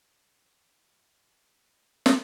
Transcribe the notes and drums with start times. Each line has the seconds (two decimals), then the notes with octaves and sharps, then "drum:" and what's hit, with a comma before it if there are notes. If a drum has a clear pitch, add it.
0.17 A#6
1.21 E3 F#3 C4 C6
2.06 drum: snare